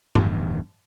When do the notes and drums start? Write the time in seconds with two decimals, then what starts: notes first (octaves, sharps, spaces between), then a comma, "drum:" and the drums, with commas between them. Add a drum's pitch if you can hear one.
0.15 D1 E2 G2 D#3, drum: tom G2